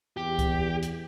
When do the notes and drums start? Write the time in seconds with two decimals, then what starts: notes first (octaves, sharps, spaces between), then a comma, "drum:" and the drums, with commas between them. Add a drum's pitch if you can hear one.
0.17 E2 G4
0.39 drum: kick C#2, hi-hat
0.82 drum: hi-hat